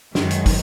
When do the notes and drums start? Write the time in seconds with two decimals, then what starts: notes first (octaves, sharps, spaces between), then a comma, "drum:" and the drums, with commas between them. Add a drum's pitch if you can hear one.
0.15 F#2 D#3 G#3, drum: snare
0.31 drum: hi-hat
0.46 drum: kick, open hi-hat